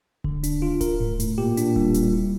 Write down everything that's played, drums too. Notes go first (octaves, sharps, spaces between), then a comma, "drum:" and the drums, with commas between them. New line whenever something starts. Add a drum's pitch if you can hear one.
D3, drum: kick D1
D4, drum: hi-hat
F4
A#4, drum: kick D1, hi-hat
A2
A2, drum: hi-hat
A#2 G4
D4, drum: hi-hat
G3, drum: kick D1
G3, drum: hi-hat
E4